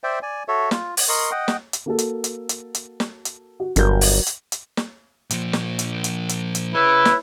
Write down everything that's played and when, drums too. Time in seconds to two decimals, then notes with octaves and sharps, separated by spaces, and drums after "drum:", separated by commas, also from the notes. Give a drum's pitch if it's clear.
0.03 C5 D5 E5 G5
0.22 D5 G#5
0.48 F#4 A4 C#5 E5
0.71 F4, drum: snare
0.97 drum: open hi-hat
1.09 A#4 D#5 C6 C#6
1.31 D#5 F#5 G5
1.48 drum: snare
1.73 drum: hi-hat
1.86 A#3 F#4 A4
1.98 drum: hi-hat
2.24 drum: hi-hat
2.49 drum: hi-hat
2.75 drum: hi-hat
3.00 drum: snare
3.25 drum: hi-hat
3.60 F#4
3.76 G1 F#3 A#4 G6, drum: hi-hat
4.01 drum: open hi-hat
4.27 drum: hi-hat
4.52 drum: hi-hat
4.77 drum: snare
5.30 A#2 F3, drum: hi-hat
5.53 drum: snare
5.79 drum: hi-hat
6.04 drum: hi-hat
6.29 drum: hi-hat
6.55 drum: hi-hat
6.75 E4 G#4 B4 C#5
7.05 drum: snare